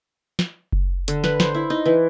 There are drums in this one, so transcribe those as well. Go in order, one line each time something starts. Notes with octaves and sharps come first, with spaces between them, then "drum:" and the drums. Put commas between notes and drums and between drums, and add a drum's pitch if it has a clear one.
drum: snare
drum: kick F#1
D3, drum: hi-hat
B4, drum: snare
C5, drum: snare
E4
D#4
E3